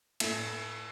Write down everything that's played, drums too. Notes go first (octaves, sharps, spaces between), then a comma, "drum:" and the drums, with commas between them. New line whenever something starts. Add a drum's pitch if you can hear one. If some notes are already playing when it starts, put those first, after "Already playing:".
A2 A3 E4, drum: cymbal